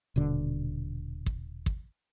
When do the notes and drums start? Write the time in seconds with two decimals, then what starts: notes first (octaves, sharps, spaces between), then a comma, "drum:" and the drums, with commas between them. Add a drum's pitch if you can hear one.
0.16 D#1 B2 D3
1.26 drum: kick
1.66 drum: kick